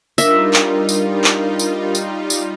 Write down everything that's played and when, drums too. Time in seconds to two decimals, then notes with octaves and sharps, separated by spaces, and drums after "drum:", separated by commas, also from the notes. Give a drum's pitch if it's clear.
0.18 G3 D4 D#4 F4 A#4 E5, drum: tambourine
0.53 drum: clap
0.89 drum: tambourine
1.24 drum: clap
1.59 drum: tambourine
1.95 drum: tambourine
2.30 drum: tambourine